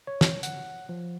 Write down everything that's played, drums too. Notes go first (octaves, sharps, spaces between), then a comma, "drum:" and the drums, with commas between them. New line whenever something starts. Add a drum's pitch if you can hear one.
C#5
drum: snare
F#5, drum: hi-hat
F3